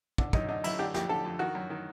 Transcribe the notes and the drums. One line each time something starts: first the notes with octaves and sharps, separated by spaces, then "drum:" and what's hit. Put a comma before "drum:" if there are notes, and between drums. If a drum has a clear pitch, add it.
D3, drum: kick
F#2 D#4, drum: kick
D3 D#4
F#2 E4, drum: cymbal
D3 G4
F2 G4, drum: snare
D3 A4
F2
D#3 F#4
F#2
D#3